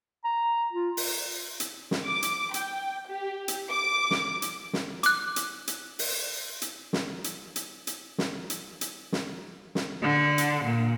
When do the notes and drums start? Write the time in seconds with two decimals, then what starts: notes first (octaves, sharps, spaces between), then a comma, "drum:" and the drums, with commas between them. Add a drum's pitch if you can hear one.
0.24 A#5
0.72 F4
0.97 drum: open hi-hat
1.60 drum: hi-hat
1.91 drum: snare
2.06 D6
2.23 drum: hi-hat
2.54 G5, drum: hi-hat
3.08 G4
3.48 drum: hi-hat
3.71 D6
4.11 drum: snare
4.42 drum: hi-hat
4.73 drum: snare
5.03 D6 F#6, drum: hi-hat
5.36 drum: hi-hat
5.67 drum: hi-hat
5.99 drum: open hi-hat
6.62 drum: hi-hat
6.93 drum: snare
7.24 drum: hi-hat
7.56 drum: hi-hat
7.87 drum: hi-hat
8.18 drum: snare
8.50 drum: hi-hat
8.81 drum: hi-hat
9.12 drum: snare
9.75 drum: snare
10.03 D3
10.38 drum: hi-hat
10.65 A#2